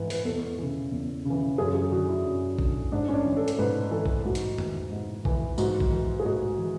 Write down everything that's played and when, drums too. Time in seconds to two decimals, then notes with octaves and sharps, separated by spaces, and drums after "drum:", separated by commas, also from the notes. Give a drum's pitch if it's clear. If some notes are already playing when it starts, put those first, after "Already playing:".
Already playing: G#2 E3 B4
0.10 B4, drum: open hi-hat
0.25 E2 A4
0.58 C#3 E3
0.92 E2
1.25 C#3 E3
1.58 F#2 G#4
1.75 G#4
1.92 D3 F#4
2.08 E4
2.25 F#2
2.59 D3, drum: kick A#1
2.92 G#2 D4
3.08 C#4
3.13 D4
3.25 E3
3.37 A4
3.48 drum: hi-hat
3.59 G#2 B4
3.91 E3 A4
4.06 drum: kick A#1
4.25 G#2 F#4
4.35 drum: hi-hat
4.58 E3, drum: tom F2
4.91 G#2
5.25 E3, drum: kick A#1
5.58 G#2 F#4, drum: tambourine
5.80 drum: kick A#1
5.92 E3
6.20 G#4
6.25 G#2 F#4
6.58 E3